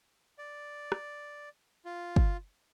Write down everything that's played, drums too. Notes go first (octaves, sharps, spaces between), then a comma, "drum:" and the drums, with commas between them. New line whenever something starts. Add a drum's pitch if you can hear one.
D5
drum: rim click
F4
drum: kick